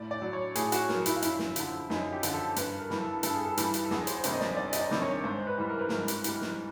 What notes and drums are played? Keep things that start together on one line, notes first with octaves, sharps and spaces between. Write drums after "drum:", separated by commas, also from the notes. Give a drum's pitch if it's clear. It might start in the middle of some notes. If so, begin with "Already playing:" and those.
Already playing: A2 D5
D5
F#3
C#5
A2 G#4, drum: hi-hat
F#4, drum: hi-hat
F#3 A#4, drum: snare
E4, drum: hi-hat
F4
F#2 E4, drum: hi-hat
drum: snare
D3 F3, drum: hi-hat
F#2 D#4, drum: snare
G4
D3 F3, drum: hi-hat
A4
G2 B4, drum: hi-hat
A#4
E3 G3, drum: snare
A4
G2 A4, drum: hi-hat
G#4
A4
E3 G3, drum: hi-hat
drum: hi-hat
A4
E2 G#4, drum: snare
C5, drum: hi-hat
C3 D#3 G3 C5, drum: hi-hat
D#5
D5, drum: snare
E2 D5
D#5, drum: hi-hat
D5
C3 D#3 G3, drum: snare
C#5
G#2 C5
B4
E3 G3
A#4
B4
G#2 A#4, drum: snare
drum: hi-hat
E3 G3, drum: hi-hat
drum: snare